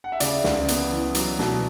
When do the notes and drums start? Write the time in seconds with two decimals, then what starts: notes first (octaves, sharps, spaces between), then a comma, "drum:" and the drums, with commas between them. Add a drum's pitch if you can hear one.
0.04 F#5
0.12 E5
0.20 C#3 D5, drum: hi-hat
0.44 C#2, drum: snare
0.68 B3, drum: hi-hat
0.92 E3
1.15 F#3, drum: hi-hat
1.39 B2, drum: snare